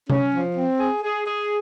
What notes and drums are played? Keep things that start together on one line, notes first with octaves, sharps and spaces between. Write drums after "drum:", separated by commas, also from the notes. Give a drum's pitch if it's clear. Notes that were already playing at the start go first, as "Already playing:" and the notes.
C#4, drum: tom C3
F3
C4
G#4
G#4
G#4